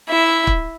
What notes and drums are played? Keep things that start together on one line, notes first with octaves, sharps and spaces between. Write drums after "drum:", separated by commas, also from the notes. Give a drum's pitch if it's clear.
E4 E5
drum: kick